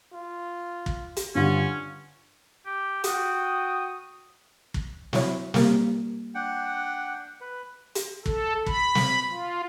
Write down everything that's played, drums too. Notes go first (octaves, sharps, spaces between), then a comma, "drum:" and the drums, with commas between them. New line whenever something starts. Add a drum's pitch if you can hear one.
F4
drum: kick
drum: hi-hat
G2 D3 C#4 F4 F#5
G4
F#4 G5 D#6, drum: hi-hat
drum: kick
F#3 E4 C#5, drum: snare
G3 A#3, drum: snare
D4 F#5 G5
B4
drum: hi-hat
A4, drum: kick
B5, drum: kick
drum: snare
F4